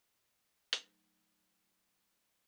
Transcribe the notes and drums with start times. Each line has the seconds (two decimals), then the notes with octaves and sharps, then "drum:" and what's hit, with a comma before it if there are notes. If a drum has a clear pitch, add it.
0.73 F#3 A3 D#4, drum: hi-hat